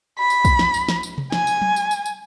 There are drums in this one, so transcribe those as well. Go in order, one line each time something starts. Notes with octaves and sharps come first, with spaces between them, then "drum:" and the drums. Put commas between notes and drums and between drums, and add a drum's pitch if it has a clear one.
B5
drum: tambourine
drum: kick, tambourine
drum: snare
drum: tambourine
drum: snare
drum: tambourine
drum: tom C3
G#5, drum: snare
drum: tambourine
drum: tom F#3
drum: tambourine
drum: tambourine
drum: tambourine